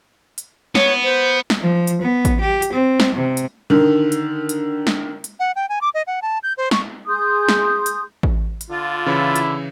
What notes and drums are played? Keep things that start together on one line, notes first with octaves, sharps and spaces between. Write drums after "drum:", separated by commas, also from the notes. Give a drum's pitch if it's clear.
drum: hi-hat
B3 C#5, drum: snare
C5
drum: snare
F3
drum: hi-hat
B3
drum: kick A1, hi-hat
G4
drum: hi-hat
C4
drum: snare
C3
drum: hi-hat
D3 D#3
drum: hi-hat
drum: hi-hat
drum: snare
drum: hi-hat
F#5
G5
G#5
D6
D#5
F#5
A5
G6
C5
C#6, drum: snare
G#4 C6 D#6 G6
drum: snare
drum: hi-hat
drum: kick A1
drum: hi-hat
D3 F4
C#3 E3 E4 C#5
drum: hi-hat